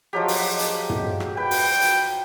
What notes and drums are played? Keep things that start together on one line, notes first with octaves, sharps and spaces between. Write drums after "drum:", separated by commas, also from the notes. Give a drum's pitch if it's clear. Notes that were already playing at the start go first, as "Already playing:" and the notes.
F3 F#3 G4 G#4 D#5 F5
drum: open hi-hat
drum: hi-hat
drum: tom
drum: rim click
F#4 B4 G5
drum: open hi-hat
drum: hi-hat